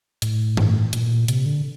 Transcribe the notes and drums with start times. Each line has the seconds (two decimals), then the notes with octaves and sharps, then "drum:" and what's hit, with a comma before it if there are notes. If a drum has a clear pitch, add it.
0.22 A2, drum: hi-hat
0.57 drum: tom G2
0.93 A#2, drum: hi-hat
1.28 C3, drum: hi-hat
1.46 D3